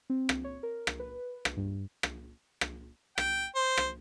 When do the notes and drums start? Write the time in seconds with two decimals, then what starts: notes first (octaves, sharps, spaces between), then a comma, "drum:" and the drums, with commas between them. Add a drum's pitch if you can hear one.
0.10 C4
0.29 drum: rim click
0.44 C#5
0.63 A#4
0.87 drum: rim click
1.00 B4
1.45 drum: rim click
1.57 G2
2.03 drum: rim click
2.61 drum: rim click
3.18 G5, drum: rim click
3.55 C5
3.77 drum: rim click